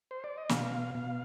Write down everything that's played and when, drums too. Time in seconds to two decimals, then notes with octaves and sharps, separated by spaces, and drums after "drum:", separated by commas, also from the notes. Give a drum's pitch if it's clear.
0.11 C5
0.24 D5
0.38 D#5
0.49 B2 F5, drum: snare
0.95 B2 F5